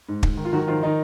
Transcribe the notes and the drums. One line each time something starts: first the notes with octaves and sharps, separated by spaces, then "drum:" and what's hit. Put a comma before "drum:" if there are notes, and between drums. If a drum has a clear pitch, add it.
G#2
G#2, drum: kick
D#3
F4
D#3 F#3 F#4
D#3 F3 F4
D#3 D#4